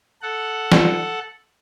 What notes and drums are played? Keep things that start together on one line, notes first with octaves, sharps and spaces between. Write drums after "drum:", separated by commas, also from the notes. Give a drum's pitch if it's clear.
A4 F#5
drum: snare